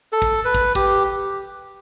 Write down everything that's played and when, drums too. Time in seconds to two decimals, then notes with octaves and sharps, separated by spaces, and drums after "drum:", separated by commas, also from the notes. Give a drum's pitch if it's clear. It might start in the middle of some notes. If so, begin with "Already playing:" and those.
0.12 A4
0.22 drum: kick
0.45 B4
0.54 drum: kick
0.75 G4, drum: kick